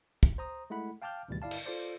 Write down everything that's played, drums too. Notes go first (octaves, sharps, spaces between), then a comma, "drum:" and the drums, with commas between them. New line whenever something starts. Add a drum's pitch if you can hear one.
drum: kick
C5 A#5 D#6
G#3 A3 E4 F#5 B5
F5 G5 A5 D6 F6 G6
G#1 D2 B2 E3 G3 A6
G1 E4 D5 F5 A5
drum: cymbal
F4 A4 C5 D5